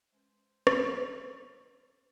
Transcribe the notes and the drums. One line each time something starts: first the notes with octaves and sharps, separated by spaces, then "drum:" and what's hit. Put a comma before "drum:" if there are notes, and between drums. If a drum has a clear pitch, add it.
G#3 C#4 B4 C5
drum: rim click